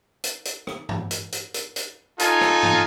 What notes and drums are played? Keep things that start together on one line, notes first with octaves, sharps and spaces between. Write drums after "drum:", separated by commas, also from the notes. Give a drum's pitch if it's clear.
drum: hi-hat
drum: hi-hat
drum: rim click
drum: tom G2
drum: hi-hat
drum: hi-hat
drum: hi-hat
drum: hi-hat
D#4 F4 A4 G#5, drum: hi-hat
drum: rim click
drum: tom G2